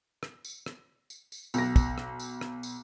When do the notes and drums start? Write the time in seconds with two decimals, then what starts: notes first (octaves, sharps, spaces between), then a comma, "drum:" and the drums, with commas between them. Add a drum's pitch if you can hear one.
0.23 drum: rim click
0.45 drum: tambourine
0.66 drum: rim click
1.10 drum: tambourine
1.32 drum: tambourine
1.54 B1 A#6, drum: tambourine
1.76 drum: kick, tambourine
1.98 drum: rim click
2.20 drum: tambourine
2.41 drum: rim click
2.63 drum: tambourine